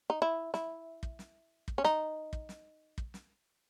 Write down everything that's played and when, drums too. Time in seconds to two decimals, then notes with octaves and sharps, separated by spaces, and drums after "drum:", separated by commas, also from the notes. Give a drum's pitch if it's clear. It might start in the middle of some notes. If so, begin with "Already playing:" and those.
0.10 D#4
0.22 E4
0.54 E4, drum: snare
1.03 drum: kick
1.19 drum: snare
1.68 drum: kick
1.78 C#4
1.85 D#4, drum: snare
2.33 drum: kick
2.49 drum: snare
2.98 drum: kick
3.14 drum: snare